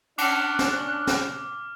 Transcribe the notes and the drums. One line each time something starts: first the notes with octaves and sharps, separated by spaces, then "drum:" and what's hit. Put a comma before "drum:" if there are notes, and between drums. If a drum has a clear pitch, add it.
C#4 D4 D6 F6 F#6, drum: cymbal
drum: snare
drum: snare